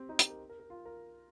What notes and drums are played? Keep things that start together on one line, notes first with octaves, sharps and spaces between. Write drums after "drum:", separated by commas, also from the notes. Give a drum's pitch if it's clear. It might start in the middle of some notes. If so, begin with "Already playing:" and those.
Already playing: C4 G4
D#4
G4, drum: hi-hat
A#4
A#4
A#4
F4
A#4